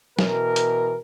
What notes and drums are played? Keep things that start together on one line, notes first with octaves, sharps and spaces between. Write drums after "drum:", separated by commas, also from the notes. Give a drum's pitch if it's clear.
B2 E3 A#4, drum: snare
drum: hi-hat